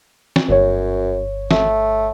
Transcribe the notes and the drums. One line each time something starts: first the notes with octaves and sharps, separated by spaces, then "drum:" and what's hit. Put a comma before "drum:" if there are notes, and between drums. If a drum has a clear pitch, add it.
drum: snare
G1 F#2 C#5
A3, drum: snare